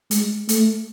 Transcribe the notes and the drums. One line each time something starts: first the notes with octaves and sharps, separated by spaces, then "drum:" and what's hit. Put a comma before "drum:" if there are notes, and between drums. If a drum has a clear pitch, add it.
G#3, drum: hi-hat
A3, drum: hi-hat